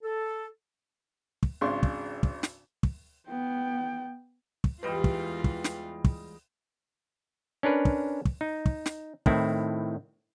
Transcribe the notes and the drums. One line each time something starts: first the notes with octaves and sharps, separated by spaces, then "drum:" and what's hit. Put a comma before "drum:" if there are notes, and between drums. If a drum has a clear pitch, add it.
A4
drum: kick
G#1 C#3 G#3 D4 C6 C#6
drum: kick
drum: kick
drum: snare
drum: kick
B3 G5
drum: kick
E2 G#2 E3 G3 F4 B4 D#5
drum: kick
drum: kick
drum: snare
drum: kick
C#4 D4 A#4 B4
drum: kick
drum: kick
D#4
drum: kick
drum: snare
A2 D#3 C4 E4, drum: kick